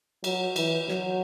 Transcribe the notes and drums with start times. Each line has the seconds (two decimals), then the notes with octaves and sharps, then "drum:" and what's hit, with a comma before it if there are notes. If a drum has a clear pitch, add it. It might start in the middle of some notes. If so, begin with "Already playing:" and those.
0.24 F#3, drum: cymbal
0.56 E3, drum: cymbal
0.88 F#3, drum: snare